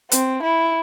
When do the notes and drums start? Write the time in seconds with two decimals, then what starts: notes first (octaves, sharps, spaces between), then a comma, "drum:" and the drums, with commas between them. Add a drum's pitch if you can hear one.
0.11 C4, drum: hi-hat
0.43 E4